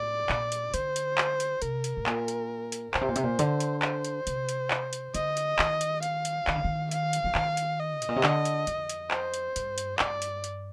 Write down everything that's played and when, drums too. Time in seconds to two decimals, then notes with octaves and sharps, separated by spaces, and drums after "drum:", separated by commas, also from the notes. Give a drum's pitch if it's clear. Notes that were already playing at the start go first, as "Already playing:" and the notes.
Already playing: A2 D5
0.29 A#2, drum: clap
0.52 drum: hi-hat
0.74 D3 C5, drum: hi-hat
0.96 drum: hi-hat
1.18 drum: clap
1.40 drum: hi-hat
1.62 C3 A#4, drum: hi-hat
1.84 drum: hi-hat
1.97 A2
2.06 A#2, drum: clap
2.28 drum: hi-hat
2.72 drum: hi-hat
2.94 A#2 C5, drum: clap
3.01 C3
3.09 A#2
3.16 C3, drum: hi-hat
3.23 A#2
3.39 D3, drum: hi-hat
3.60 drum: hi-hat
3.82 C5, drum: clap
4.05 drum: hi-hat
4.27 C3, drum: hi-hat
4.49 drum: hi-hat
4.71 drum: clap
4.93 drum: hi-hat
5.14 D3 D#5, drum: hi-hat
5.37 drum: hi-hat
5.59 D#3, drum: clap
5.81 drum: hi-hat
6.03 F5, drum: hi-hat
6.25 drum: hi-hat
6.47 D#3, drum: clap
6.56 D3
6.64 D#3
6.91 F5, drum: hi-hat
7.13 drum: hi-hat
7.24 F3
7.35 D#3, drum: clap
7.57 drum: hi-hat
7.79 D#5
8.02 A2, drum: hi-hat
8.09 A#2
8.16 C3
8.24 D3, drum: clap
8.45 drum: hi-hat
8.67 F2, drum: hi-hat
8.89 drum: hi-hat
9.11 C5, drum: clap
9.34 drum: hi-hat
9.56 G2, drum: hi-hat
9.78 drum: hi-hat
9.99 G2 D5, drum: clap
10.22 drum: hi-hat
10.44 drum: hi-hat